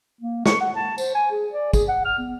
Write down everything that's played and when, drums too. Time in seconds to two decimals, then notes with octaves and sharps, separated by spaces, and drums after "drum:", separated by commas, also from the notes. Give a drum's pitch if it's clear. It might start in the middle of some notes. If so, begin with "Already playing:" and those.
0.21 A#3
0.46 C#6, drum: snare
0.61 F#5
0.75 A5
0.98 C5, drum: tambourine
1.15 G#5
1.31 G#4
1.52 D5
1.73 G#4, drum: kick, tambourine
1.88 F#5
2.05 F6
2.19 B3